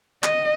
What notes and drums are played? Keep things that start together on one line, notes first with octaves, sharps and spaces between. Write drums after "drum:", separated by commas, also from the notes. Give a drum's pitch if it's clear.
D#5, drum: clap